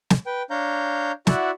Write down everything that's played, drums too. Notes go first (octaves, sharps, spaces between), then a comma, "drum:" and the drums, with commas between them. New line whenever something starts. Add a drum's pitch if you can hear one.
drum: snare
B4 G5
D4 C#5 F5 A#5 G6
E4 F#4 D5 E5 F#5, drum: snare